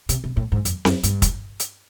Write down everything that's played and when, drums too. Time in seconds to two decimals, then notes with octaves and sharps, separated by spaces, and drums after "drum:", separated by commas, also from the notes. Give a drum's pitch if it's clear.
0.09 C3, drum: hi-hat
0.24 C3
0.37 A2
0.52 G#2
0.65 F2, drum: hi-hat
0.85 F#2, drum: snare C4
1.03 G2, drum: hi-hat
1.22 drum: kick, hi-hat
1.60 drum: hi-hat